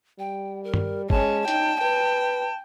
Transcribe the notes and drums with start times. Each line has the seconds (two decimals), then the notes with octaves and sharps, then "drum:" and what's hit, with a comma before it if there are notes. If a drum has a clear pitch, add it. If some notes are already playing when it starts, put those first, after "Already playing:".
0.19 G3 G5
0.64 A#4
0.74 drum: tom G2
1.10 G#3 C#4 A5, drum: kick
1.48 D#4 G5, drum: hi-hat
1.82 B4 G5